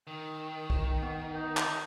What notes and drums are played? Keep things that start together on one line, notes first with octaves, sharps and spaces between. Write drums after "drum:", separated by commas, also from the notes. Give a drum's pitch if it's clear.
D#3 G5
drum: kick B1
B3
D#4
drum: clap